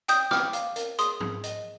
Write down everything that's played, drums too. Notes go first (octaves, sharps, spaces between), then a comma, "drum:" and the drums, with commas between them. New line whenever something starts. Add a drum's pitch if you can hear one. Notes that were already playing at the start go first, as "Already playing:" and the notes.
G5 D#6 G6, drum: hi-hat
G5 D6 F6, drum: snare
F5, drum: hi-hat
A#4, drum: hi-hat
G#4 C6 D#6, drum: hi-hat
G#4, drum: tom G#2
D#5, drum: hi-hat